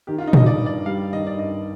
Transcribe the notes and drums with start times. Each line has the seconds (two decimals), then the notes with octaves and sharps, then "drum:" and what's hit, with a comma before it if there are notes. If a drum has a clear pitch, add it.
0.07 D#3 G4
0.18 F4
0.27 D#4
0.33 G2 D#5, drum: tom A#2
0.46 D5
0.60 G2
0.66 D5
0.86 G3 F5
1.12 D#3 D#5
1.27 D5
1.39 G2 D#5